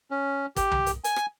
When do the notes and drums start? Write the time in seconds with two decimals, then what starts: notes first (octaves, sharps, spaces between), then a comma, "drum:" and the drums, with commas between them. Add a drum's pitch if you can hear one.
0.11 C#4
0.56 G4, drum: kick, hi-hat
0.71 drum: tom C2
0.86 drum: hi-hat
1.04 G#5, drum: hi-hat
1.16 drum: rim click